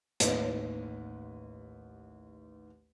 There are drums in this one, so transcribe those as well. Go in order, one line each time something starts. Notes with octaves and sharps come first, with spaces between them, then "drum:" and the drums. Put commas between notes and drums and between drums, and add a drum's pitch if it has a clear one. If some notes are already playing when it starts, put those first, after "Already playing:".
A1 D#2 B4, drum: hi-hat